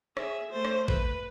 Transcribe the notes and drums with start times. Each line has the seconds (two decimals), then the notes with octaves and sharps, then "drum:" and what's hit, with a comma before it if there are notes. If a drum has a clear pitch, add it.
0.17 G#4 E5, drum: rim click
0.51 A3 C5
0.65 drum: rim click
0.88 B4, drum: kick